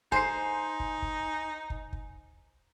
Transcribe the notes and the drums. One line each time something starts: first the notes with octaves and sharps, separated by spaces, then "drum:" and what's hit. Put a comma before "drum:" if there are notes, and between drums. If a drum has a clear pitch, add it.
D#4 C5 G#5 C7, drum: kick
drum: kick
drum: kick
drum: kick
drum: kick